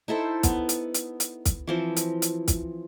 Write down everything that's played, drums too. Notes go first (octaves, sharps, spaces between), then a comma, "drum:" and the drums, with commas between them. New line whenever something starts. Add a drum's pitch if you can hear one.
D#4 E4 A4 C5
B3, drum: kick, hi-hat
drum: hi-hat
drum: hi-hat
drum: hi-hat
drum: kick, hi-hat
E3 F3 C4
drum: hi-hat
drum: hi-hat
drum: kick, hi-hat